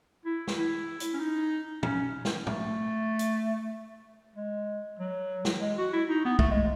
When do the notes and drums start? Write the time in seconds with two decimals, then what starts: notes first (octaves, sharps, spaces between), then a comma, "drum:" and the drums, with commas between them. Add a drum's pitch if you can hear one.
0.25 E4
0.47 drum: snare
0.57 E4
1.00 drum: hi-hat
1.14 C#4
1.19 D#4
1.83 C#4, drum: tom
2.25 drum: snare
2.47 A3, drum: tom A2
3.19 drum: hi-hat
4.35 G#3
4.99 F#3
5.45 drum: snare
5.61 G#3
5.78 F#4
5.93 E4
6.09 D#4
6.25 B3
6.39 A3, drum: kick
6.51 G#3